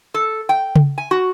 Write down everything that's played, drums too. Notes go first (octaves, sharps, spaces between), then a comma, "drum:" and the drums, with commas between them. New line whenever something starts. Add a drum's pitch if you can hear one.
A4
G5
drum: tom C#3
G#5
F#4